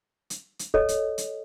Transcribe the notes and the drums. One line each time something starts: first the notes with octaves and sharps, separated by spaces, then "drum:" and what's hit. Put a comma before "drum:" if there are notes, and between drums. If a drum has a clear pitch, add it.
drum: hi-hat
drum: hi-hat
A4 C#5 D#5, drum: kick
drum: hi-hat
drum: hi-hat